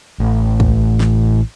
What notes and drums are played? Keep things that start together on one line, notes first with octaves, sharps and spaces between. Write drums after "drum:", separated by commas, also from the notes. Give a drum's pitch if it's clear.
A1
drum: kick
drum: snare